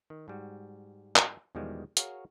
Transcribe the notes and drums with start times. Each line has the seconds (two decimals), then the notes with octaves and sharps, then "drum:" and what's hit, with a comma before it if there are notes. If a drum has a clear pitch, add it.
0.10 D#3
0.28 G#2 G3 F#4
1.16 drum: clap
1.55 E2 B2 D#3 F3 G3 G#3
1.97 F#4 G#4 A#4 C#5 F5, drum: hi-hat